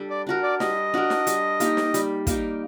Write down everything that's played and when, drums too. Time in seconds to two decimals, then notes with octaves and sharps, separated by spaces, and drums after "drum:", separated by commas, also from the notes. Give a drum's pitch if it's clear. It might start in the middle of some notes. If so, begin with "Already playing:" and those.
Already playing: G3 D4 A4
0.10 D5
0.27 D4 F#4 A#4
0.43 D5
0.60 G3 D#5, drum: snare
0.94 D4 F#4 A#4
1.10 drum: snare
1.27 G3, drum: hi-hat
1.60 A#3 D#4 G4, drum: hi-hat
1.77 drum: snare
1.94 G3, drum: hi-hat
2.27 A#3 D#4 G4, drum: kick, hi-hat